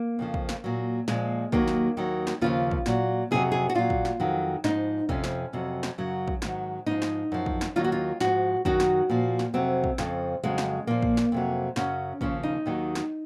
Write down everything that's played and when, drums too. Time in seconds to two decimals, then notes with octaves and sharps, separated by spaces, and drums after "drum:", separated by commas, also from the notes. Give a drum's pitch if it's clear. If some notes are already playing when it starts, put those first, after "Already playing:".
Already playing: A#3
0.19 F2 C#3 F3
0.34 drum: kick
0.49 drum: snare
0.64 A#2 F#3
1.08 A#2 F3 G#3, drum: snare
1.52 D#2 D#3 F#3 A#3, drum: kick
1.68 drum: snare
1.97 D#2 D#3 F#3
2.27 drum: snare
2.41 D#2 C#3 F3 F4
2.71 drum: kick
2.86 A#2 F#3, drum: snare
3.31 F2 C3 D#3 F#3 G#4
3.52 G#4
3.69 F#4
3.75 A#2 F#3 F4
3.90 drum: kick
4.05 drum: snare
4.20 F2 D#3 F#3
4.64 G#2 F3 D#4, drum: snare
5.09 F2 C3 F3 C#4, drum: kick
5.24 drum: snare
5.53 F2 C3 F#3
5.83 drum: snare
5.98 F#2 C#3 F#3
6.28 drum: kick
6.42 G#2 D#3 F#3, drum: snare
6.86 G#2 F3 D#4
7.02 drum: snare
7.32 F#2 F3
7.46 drum: kick
7.61 drum: snare
7.76 D#2 D#3 F#3 F4
7.84 F#4
7.92 F4
8.20 G#2 F3 F#4, drum: snare
8.65 F#2 D#3 F#3 F#4, drum: kick
8.80 drum: snare
9.10 A#2 F3
9.39 drum: snare
9.54 F2 C3 F#3 C4
9.84 drum: kick
9.98 F2 C#3 F3, drum: snare
10.43 F2 C#3 F#3 G#3
10.58 drum: snare
10.87 A#2 F3 A#3
11.02 drum: kick
11.17 drum: snare
11.32 F2 C3 F#3
11.76 F#2 C#3 F#3 C#4, drum: snare
12.21 D#2 C#3 F3 C#4, drum: kick
12.43 D#4
12.66 D#2 D#3 F#3
12.95 drum: snare